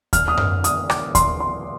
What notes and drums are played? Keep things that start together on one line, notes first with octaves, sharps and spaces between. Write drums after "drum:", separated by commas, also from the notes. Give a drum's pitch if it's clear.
F6, drum: kick D#2, hi-hat
D#6
F6, drum: tom F#2
D#6, drum: hi-hat
D6, drum: rim click
C6, drum: kick D#2, hi-hat
C6